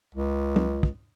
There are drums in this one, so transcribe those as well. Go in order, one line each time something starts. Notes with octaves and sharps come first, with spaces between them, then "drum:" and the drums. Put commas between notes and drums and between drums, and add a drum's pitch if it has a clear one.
C#2
drum: tom
drum: kick